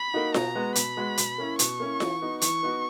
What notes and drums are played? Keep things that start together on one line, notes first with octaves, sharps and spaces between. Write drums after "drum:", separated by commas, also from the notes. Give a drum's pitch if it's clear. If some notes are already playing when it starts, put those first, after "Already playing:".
Already playing: B5
A#3 D#4 F#4
B2 A#5, drum: snare F4
G#3 B3 F#4
B2 B5, drum: hi-hat
G#3 B3 F#4
B2, drum: hi-hat
A#3 C#4 E4
B2 C#6, drum: hi-hat
A#3 C#4 E4
E3, drum: snare F4
B3 D#4 F#4
E3 C#6, drum: hi-hat
B3 D#4 F#4